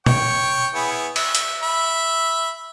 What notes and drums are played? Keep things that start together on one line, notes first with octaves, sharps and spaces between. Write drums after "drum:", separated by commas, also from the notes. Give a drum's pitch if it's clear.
C#5 G5 C#6, drum: tom A#2
B3 E4 G#4
E5, drum: cymbal
drum: hi-hat
E5 B5